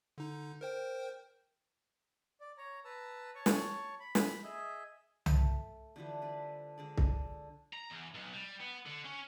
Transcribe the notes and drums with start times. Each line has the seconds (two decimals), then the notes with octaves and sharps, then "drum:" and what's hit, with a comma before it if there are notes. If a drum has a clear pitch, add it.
0.18 D3 D#4
0.61 A#4 C5 G5
2.40 D5
2.58 C#5 A#5
2.85 B4 A5 A#5 E6
3.35 C#5 A5 C#6
3.46 drum: snare
4.00 B5
4.15 drum: snare
4.44 G#4 D#5 E5
5.26 A3, drum: tom C2
5.96 D3 E3 F3 G3
6.22 D4 B4
6.78 D3 G#3 D5
6.97 drum: kick C2
7.73 A#5
7.91 E2
8.15 B1
8.33 G3
8.60 B3
8.86 D3
9.05 C#4